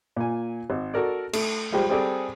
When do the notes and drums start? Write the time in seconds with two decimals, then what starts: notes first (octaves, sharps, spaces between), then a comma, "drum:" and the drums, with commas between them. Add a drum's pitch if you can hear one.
0.16 A#2 G#5
0.70 G#1
0.94 F#4 A4 A#4 D5
1.33 A3, drum: cymbal
1.72 F3 G3 G#3 G4 C5
1.90 G3 C4 G#4 A4 D5